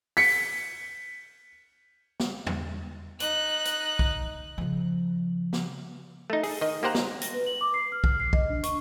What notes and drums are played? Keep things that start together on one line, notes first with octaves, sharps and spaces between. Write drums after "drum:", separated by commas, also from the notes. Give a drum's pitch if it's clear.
B6 C#7, drum: open hi-hat
drum: snare
drum: tom E2
D#4 F#6, drum: hi-hat
drum: hi-hat
drum: kick B1
C#3 F3
drum: snare
A3 D#4
G#4, drum: open hi-hat
D#3 D#5
A#3 G4 C5 F#5 A#5
drum: snare
A#6, drum: hi-hat
B4
F#7
D6
C7
F6
F6, drum: kick B1
C7
D#5, drum: kick B1
D4
C#6, drum: hi-hat